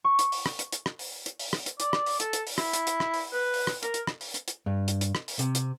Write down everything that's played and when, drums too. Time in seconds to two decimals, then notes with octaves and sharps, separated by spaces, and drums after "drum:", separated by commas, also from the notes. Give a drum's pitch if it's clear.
0.04 C#6
0.19 drum: hi-hat
0.32 drum: open hi-hat
0.46 drum: rim click
0.59 drum: hi-hat
0.72 drum: hi-hat
0.86 drum: rim click
0.99 drum: open hi-hat
1.26 drum: hi-hat
1.39 drum: open hi-hat
1.53 drum: rim click
1.66 drum: hi-hat
1.80 D5, drum: hi-hat
1.93 drum: rim click
2.06 drum: open hi-hat
2.20 A4, drum: hi-hat
2.33 drum: hi-hat
2.47 drum: open hi-hat
2.58 E4, drum: rim click
2.73 drum: hi-hat
2.87 drum: hi-hat
3.00 drum: rim click
3.14 drum: open hi-hat
3.33 B4
3.54 drum: open hi-hat
3.67 drum: rim click
3.83 A#4, drum: hi-hat
3.94 drum: hi-hat
4.07 drum: rim click
4.21 drum: open hi-hat
4.34 drum: hi-hat
4.48 drum: hi-hat
4.66 G2
4.88 drum: hi-hat
5.01 drum: hi-hat
5.15 drum: rim click
5.28 drum: open hi-hat
5.39 C3, drum: hi-hat
5.55 drum: hi-hat